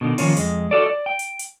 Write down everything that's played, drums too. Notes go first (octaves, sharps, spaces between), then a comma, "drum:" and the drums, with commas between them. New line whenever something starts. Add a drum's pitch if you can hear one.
B2 D3 D#3
D#3 F3 A#3 C#4 F4, drum: open hi-hat
F2 G#3, drum: hi-hat
F#4 A4 D5
D5
G5
drum: hi-hat
drum: hi-hat